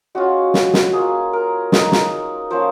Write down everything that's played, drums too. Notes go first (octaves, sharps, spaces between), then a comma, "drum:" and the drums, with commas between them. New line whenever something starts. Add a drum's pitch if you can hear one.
G#3 C#4 F4 F#4
drum: snare
drum: snare
A#3 F4 G#4
A#4
G#3 D#4, drum: snare
drum: snare
F3 A#3 C#4 C5